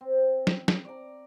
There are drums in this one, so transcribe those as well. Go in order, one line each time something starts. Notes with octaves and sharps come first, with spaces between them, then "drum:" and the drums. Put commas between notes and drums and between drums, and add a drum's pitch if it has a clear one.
C4
drum: snare
drum: snare
D5 A#5